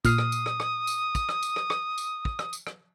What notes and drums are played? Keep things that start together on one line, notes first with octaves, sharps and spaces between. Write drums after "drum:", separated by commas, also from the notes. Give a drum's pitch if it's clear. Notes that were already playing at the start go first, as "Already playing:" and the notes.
A#2 D#6 F6 C7, drum: kick, tambourine
drum: rim click
drum: tambourine
drum: rim click
drum: rim click
drum: tambourine
drum: kick, tambourine
drum: rim click
drum: tambourine
drum: rim click
drum: rim click
drum: tambourine
drum: kick
drum: rim click
drum: tambourine
drum: rim click